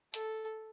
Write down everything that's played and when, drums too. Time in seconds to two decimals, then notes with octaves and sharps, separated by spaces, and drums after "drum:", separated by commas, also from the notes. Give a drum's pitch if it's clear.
0.14 A4, drum: hi-hat